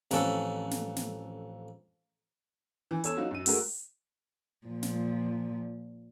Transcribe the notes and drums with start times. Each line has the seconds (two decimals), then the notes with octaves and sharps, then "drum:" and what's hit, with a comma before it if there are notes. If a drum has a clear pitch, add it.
0.11 A1 F2 F3 C#4 A4 F#5, drum: snare
0.71 drum: snare
0.96 drum: snare
2.91 E3
3.04 E2 A4 C#5 E6 E7, drum: hi-hat
3.17 F#3 D#4 F4 F#4
3.31 F#2 D#7
3.46 G#3 A3 F#4 G#4 A#4, drum: open hi-hat
4.67 A#2 F3
4.83 drum: snare